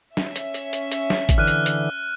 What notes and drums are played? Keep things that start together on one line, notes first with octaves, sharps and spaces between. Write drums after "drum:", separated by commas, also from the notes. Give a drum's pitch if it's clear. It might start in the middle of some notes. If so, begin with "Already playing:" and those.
C#4 E5, drum: snare
drum: hi-hat
drum: hi-hat
drum: hi-hat
drum: hi-hat
drum: snare
drum: kick, hi-hat
D3 E3 F6 F#6 D#7
drum: hi-hat
drum: hi-hat